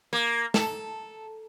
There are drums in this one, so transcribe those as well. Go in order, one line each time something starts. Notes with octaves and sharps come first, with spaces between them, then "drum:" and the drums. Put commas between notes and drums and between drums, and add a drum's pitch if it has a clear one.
A#3
A4, drum: snare